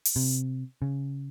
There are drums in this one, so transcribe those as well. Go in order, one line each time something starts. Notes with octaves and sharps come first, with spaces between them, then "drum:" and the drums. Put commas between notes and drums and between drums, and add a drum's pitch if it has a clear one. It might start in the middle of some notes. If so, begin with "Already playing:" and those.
drum: open hi-hat
C3
C#3